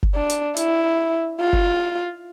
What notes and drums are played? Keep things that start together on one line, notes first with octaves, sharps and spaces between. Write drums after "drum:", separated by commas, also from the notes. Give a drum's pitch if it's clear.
drum: kick F#1
D4
drum: hi-hat
E4, drum: hi-hat
F4
drum: kick F#1